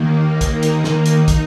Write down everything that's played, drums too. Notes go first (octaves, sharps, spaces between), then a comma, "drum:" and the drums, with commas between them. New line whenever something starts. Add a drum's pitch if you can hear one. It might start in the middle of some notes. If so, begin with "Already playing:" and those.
Already playing: D#2 D#3 A#3
D#4, drum: kick, hi-hat
drum: hi-hat
drum: snare
D#4, drum: hi-hat
drum: kick, hi-hat